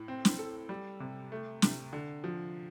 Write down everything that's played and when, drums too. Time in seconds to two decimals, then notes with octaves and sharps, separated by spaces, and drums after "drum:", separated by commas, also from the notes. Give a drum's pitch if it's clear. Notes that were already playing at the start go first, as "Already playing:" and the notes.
Already playing: A2
0.08 C4
0.25 drum: snare
0.39 A4
0.69 G3
1.00 C3
1.32 A3
1.62 C3, drum: snare
1.93 D3
2.24 F3